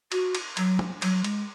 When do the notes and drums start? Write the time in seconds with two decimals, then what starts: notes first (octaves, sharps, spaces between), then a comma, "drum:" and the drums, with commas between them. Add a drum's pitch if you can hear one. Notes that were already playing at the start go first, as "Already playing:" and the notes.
0.12 F#4, drum: cymbal
0.35 drum: cymbal
0.57 F#3, drum: cymbal
0.79 drum: tom
1.02 F#3, drum: cymbal
1.24 G#3, drum: cymbal